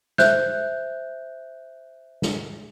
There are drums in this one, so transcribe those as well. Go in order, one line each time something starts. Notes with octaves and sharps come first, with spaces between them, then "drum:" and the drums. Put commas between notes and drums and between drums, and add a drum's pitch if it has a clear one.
C5 E5 F#6 G6, drum: snare
drum: snare